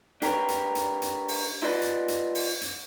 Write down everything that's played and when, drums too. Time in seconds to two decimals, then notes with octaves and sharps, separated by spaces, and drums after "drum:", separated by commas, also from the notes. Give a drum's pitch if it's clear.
0.22 D4 G4 A#4 B4 C#5, drum: hi-hat
0.48 drum: hi-hat
0.75 drum: hi-hat
1.02 drum: hi-hat
1.28 drum: open hi-hat
1.62 E4 F4 B4 D5 D#5 B5
1.82 drum: hi-hat
2.08 drum: hi-hat
2.35 drum: open hi-hat
2.61 drum: hi-hat